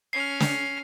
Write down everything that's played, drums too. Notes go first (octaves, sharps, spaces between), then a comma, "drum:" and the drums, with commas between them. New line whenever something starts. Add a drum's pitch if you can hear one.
C#4 F6 C7
drum: snare